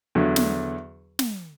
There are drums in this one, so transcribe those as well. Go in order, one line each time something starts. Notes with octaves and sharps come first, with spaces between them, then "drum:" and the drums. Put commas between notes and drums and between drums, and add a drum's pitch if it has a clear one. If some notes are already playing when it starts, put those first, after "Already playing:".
E2 D3 F#3
drum: snare
drum: snare